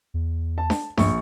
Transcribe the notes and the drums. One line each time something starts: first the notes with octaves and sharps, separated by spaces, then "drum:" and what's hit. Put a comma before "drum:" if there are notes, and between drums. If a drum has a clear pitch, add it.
E2
A5
drum: snare D4
A#1 G2 C#6, drum: snare D4